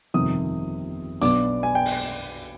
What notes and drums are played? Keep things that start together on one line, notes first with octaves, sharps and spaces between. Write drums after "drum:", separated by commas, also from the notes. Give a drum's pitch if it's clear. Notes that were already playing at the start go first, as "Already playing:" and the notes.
G1 F2 C3 D#3 D#6
B1 B2 B3 D4 D6, drum: hi-hat
G#5
G5
drum: open hi-hat